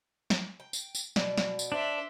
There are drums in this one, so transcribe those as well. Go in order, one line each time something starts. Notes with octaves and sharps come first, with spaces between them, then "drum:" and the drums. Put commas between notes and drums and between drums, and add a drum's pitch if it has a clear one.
drum: snare
G5
drum: tambourine
drum: tambourine
B2 D5, drum: snare
drum: snare
drum: tambourine
D4 C5 E5